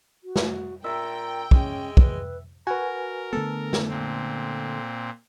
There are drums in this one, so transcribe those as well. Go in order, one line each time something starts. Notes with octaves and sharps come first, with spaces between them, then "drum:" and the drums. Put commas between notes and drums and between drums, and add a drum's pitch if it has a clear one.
F#4
drum: snare
A#2 E5 G5 A#5
G#3 C#4, drum: kick
B4, drum: kick
F#4 A#4 B4 G#5
D3 A3 B3 A4
drum: snare
A#2 C4